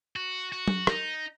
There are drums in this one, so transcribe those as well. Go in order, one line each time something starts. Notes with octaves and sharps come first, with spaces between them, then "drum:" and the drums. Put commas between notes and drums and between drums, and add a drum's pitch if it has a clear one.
F#4
F#4
drum: tom F#3
D#4, drum: rim click